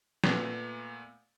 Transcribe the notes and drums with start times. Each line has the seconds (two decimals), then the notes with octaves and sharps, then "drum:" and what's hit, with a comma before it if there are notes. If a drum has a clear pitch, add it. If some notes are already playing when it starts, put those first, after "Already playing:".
0.24 A#2 A3 B3, drum: snare